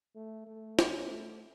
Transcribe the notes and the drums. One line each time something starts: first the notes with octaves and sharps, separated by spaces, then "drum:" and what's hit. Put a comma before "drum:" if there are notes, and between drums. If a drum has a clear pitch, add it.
A3
A3
C#4, drum: snare
A3